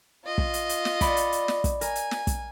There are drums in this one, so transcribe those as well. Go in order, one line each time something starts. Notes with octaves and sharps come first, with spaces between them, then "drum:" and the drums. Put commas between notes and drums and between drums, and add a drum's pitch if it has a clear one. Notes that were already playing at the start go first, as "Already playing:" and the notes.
F4 D#5
drum: kick
drum: hi-hat
drum: hi-hat
drum: snare
D5 B5 C#6, drum: kick, hi-hat
drum: hi-hat
drum: hi-hat
drum: snare
drum: kick, hi-hat
A#4 G#5, drum: hi-hat
drum: hi-hat
drum: snare
drum: kick, hi-hat